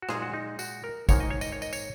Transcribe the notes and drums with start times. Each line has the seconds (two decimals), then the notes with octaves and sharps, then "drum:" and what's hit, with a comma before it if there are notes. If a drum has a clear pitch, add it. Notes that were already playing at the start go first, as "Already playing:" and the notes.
0.02 F#4
0.09 A#2 G#3 D#4 G#4, drum: rim click
0.22 F#4
0.34 D#4
0.59 F#4, drum: tambourine
0.84 A#4
1.09 G#2 D#3 A#3 D#4 C#5, drum: kick, tambourine
1.20 D#5
1.30 C#5
1.41 D#5, drum: tambourine
1.52 C#5
1.62 D#5, drum: tambourine
1.73 C#5, drum: tambourine